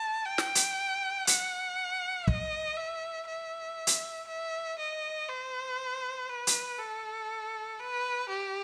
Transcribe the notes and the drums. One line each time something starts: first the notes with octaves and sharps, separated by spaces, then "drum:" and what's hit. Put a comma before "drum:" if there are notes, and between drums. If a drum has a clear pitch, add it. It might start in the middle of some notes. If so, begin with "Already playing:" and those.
Already playing: A5
G5
drum: snare
drum: hi-hat
F#5, drum: hi-hat
D#5, drum: kick
E5
E5
drum: hi-hat
E5
D#5
C5
B4
drum: hi-hat
A4
B4
G4